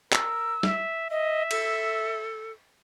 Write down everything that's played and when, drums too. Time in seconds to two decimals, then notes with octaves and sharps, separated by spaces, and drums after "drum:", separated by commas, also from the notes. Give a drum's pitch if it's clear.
0.13 A#4 E6, drum: clap
0.63 E5, drum: snare
1.10 D#5 E5
1.51 A4, drum: cymbal